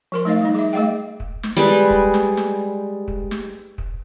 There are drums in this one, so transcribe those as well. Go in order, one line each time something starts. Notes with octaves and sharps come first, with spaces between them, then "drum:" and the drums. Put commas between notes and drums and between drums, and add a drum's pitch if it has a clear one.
F3 A#4 C6
A3 D#4 D#5 F5
G3 D#4
G#4 E5
A3 G#4 D#5 F5 G5
drum: kick
drum: snare
G3 G#3 B4
drum: kick
drum: snare
drum: snare
drum: kick
drum: snare
drum: kick